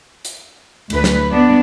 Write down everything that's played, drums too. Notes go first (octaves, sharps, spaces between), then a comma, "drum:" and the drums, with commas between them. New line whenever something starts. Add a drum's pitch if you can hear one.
drum: hi-hat
D2 B4, drum: cymbal
drum: snare
B3 D4